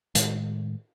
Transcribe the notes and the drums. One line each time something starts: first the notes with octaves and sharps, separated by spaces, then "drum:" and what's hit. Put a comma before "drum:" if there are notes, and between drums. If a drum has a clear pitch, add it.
A2 D#3 G#3, drum: hi-hat